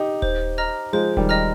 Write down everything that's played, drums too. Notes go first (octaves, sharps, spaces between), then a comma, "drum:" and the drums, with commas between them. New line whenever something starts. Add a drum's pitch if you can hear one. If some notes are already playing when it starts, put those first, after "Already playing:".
Already playing: D#4 G4
C5, drum: kick D#1
D#5 A#5 F6
F3 G#3 C5
D#3 G3, drum: kick D#1
D#5 A#5 F6